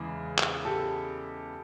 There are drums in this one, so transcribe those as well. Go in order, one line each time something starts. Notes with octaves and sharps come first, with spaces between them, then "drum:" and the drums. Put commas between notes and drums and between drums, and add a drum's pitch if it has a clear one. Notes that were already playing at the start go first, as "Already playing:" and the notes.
Already playing: E2 C#3 E3 G#3
drum: clap
G4 A4